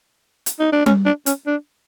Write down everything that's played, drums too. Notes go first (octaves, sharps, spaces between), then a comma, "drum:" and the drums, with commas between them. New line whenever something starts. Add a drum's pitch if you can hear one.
drum: hi-hat
D#4
D4
C#4, drum: tom G3
D4
C#4, drum: hi-hat
D4